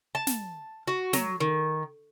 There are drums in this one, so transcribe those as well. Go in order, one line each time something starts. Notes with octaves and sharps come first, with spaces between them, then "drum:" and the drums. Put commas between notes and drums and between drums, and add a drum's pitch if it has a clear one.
A5
drum: snare
F#4
F#3, drum: snare
D#3